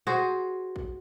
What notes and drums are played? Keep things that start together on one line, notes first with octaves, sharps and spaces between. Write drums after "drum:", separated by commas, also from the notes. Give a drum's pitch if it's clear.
F#4 G#4 C5
drum: kick